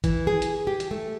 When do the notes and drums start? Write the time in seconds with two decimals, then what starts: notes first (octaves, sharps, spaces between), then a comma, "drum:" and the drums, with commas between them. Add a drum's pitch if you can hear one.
0.04 E3, drum: kick, hi-hat
0.27 G#4
0.42 drum: hi-hat
0.67 G4
0.80 drum: hi-hat
0.91 A3